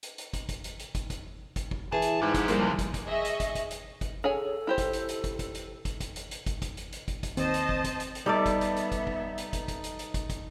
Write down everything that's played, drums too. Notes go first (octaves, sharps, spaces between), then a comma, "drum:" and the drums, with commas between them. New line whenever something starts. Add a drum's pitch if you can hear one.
drum: hi-hat
drum: hi-hat
drum: kick, hi-hat
drum: kick, hi-hat
drum: hi-hat
drum: hi-hat
drum: kick, hi-hat
drum: kick, hi-hat
drum: kick, hi-hat
drum: kick
E3 G#4 A5
drum: hi-hat
G#2 G3
D3 F3, drum: kick, hi-hat
G3 A#3 C5, drum: hi-hat
C#2
drum: kick, hi-hat
drum: kick, hi-hat
G#4 D#5 E5 C#6
drum: hi-hat
drum: kick, hi-hat
drum: kick, hi-hat
drum: hi-hat
drum: kick, hi-hat
G#4 A4 C#5 G#5
E4 G4 C5
drum: kick, hi-hat
drum: hi-hat
drum: hi-hat
drum: kick, hi-hat
drum: kick, hi-hat
drum: hi-hat
drum: kick, hi-hat
drum: kick, hi-hat
drum: hi-hat
drum: hi-hat
drum: kick, hi-hat
drum: kick, hi-hat
drum: hi-hat
drum: hi-hat
drum: kick, hi-hat
drum: kick, hi-hat
D#2 C4 C5 D#5 A5, drum: hi-hat
drum: hi-hat
drum: kick
drum: kick, hi-hat
drum: hi-hat
drum: hi-hat
G3 B3 D#4 A4 D5 E5
drum: kick, hi-hat
drum: hi-hat
drum: hi-hat
drum: kick, hi-hat
drum: kick
drum: hi-hat
drum: kick, hi-hat
drum: kick, hi-hat
drum: hi-hat
drum: hi-hat
drum: kick, hi-hat
drum: kick, hi-hat